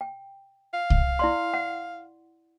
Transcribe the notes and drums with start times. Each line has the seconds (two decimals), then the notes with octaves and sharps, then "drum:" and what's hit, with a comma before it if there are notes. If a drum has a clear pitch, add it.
0.01 G5
0.74 F5
0.90 drum: kick C2
1.19 E4 D5 C6
1.54 F#5